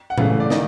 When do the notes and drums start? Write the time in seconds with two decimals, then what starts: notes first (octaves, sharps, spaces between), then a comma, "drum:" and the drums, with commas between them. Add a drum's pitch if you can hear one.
0.10 F#5
0.18 C#3 E3 A3 F5, drum: tom A2
0.40 D5
0.50 D#3 D#5, drum: snare